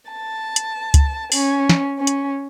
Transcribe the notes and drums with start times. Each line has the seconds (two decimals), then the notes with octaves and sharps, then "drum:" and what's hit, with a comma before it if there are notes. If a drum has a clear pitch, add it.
0.11 A5
0.56 drum: hi-hat
0.94 drum: kick C#2, hi-hat
1.32 C#4, drum: open hi-hat
1.69 drum: snare
1.98 C#4
2.07 drum: hi-hat